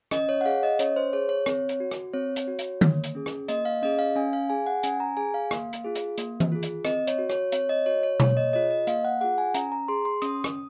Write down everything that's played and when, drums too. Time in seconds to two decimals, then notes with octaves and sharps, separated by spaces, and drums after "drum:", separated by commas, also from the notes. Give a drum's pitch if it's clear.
0.11 C#4 D#5, drum: rim click
0.29 C#5
0.41 F#5
0.46 G#4 F5
0.63 D#5
0.79 C#4 C#5, drum: hi-hat
0.96 C5
1.13 G#4 C#5
1.29 C#5
1.46 C4, drum: rim click
1.69 drum: hi-hat
1.80 F#4
1.91 drum: rim click
2.13 C4 C#5
2.36 drum: hi-hat
2.47 F#4
2.59 drum: hi-hat
2.81 A#3, drum: tom D3
3.04 drum: hi-hat
3.15 C#4 G#4
3.26 drum: rim click
3.48 A#3 D#5, drum: hi-hat
3.65 F5
3.83 C#4 G#4 D#5
3.99 F5
4.16 C#4 G#5
4.33 F5
4.50 G#4 G#5
4.67 F#5
4.83 C#4 G#5, drum: hi-hat
5.00 A#5
5.17 G#4 G#5
5.34 F5
5.51 A#3, drum: rim click
5.73 drum: hi-hat
5.85 F4 G#4
5.95 drum: hi-hat
6.18 A#3, drum: hi-hat
6.40 drum: tom E3
6.52 F4 G#4
6.63 drum: hi-hat
6.85 C4 D#5, drum: rim click
7.07 C#5, drum: hi-hat
7.18 F#4
7.30 C#5, drum: rim click
7.52 C4 C#5, drum: hi-hat
7.69 D#5
7.86 F#4 C#5
8.03 C#5
8.20 A#3 C#5, drum: tom B2
8.30 C#5
8.37 D#5
8.53 F4 G#4 D#5
8.71 D#5
8.87 A#3 F5, drum: hi-hat
9.05 F#5
9.21 F4 G#4 F#5
9.38 G#5
9.54 C#4 A#5, drum: hi-hat
9.72 A#5
9.88 G#4 C6
10.05 C6
10.22 C#4 D#6, drum: hi-hat
10.44 drum: rim click